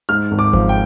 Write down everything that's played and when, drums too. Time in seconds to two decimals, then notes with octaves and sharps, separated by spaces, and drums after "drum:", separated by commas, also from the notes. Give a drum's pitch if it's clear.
0.09 G#2 F6
0.31 G#1
0.39 D6
0.53 F3, drum: kick G#1
0.69 G5